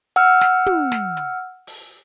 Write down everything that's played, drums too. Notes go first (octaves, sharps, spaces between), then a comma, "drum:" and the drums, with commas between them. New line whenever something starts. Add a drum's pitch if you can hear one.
F#5 E6 F6, drum: hi-hat
drum: snare
drum: tom
drum: snare
drum: hi-hat
drum: open hi-hat